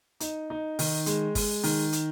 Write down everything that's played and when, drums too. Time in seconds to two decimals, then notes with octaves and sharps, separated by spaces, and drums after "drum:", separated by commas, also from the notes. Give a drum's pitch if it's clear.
0.20 D#4, drum: hi-hat
0.50 D#4
0.79 D#3, drum: open hi-hat
1.06 G#3, drum: hi-hat
1.35 G#3, drum: kick G1, open hi-hat
1.64 D#3, drum: open hi-hat
1.93 drum: hi-hat